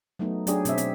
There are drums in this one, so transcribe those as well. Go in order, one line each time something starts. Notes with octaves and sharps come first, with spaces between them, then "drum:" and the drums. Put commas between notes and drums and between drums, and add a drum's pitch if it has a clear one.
F#3 A3 B3 D#4
F#3 C#4 D4 G4 G#4, drum: hi-hat
B2 C4 E5, drum: hi-hat
C4, drum: hi-hat